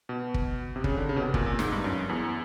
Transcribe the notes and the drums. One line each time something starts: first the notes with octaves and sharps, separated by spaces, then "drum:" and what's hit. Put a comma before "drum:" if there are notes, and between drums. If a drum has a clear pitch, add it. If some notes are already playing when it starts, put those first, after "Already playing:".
B2
drum: kick
C3
C#3, drum: kick
D3
C#3
B2
C3
A#2, drum: kick
A#2
G#2, drum: snare
G2
F#2
E2